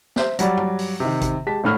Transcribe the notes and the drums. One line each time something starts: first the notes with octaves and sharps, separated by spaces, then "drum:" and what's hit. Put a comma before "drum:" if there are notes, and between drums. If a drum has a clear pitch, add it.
C5 E5, drum: snare
F#3 G3 D5, drum: hi-hat
drum: tom
drum: open hi-hat
C3 D#3
drum: kick G#1, hi-hat
G#3 G4 A5 B6
G#1 A2 F6